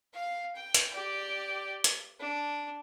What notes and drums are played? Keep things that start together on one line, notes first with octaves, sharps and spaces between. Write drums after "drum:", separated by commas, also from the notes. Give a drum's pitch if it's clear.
F5
G5
drum: hi-hat
G4 D5
drum: hi-hat
D4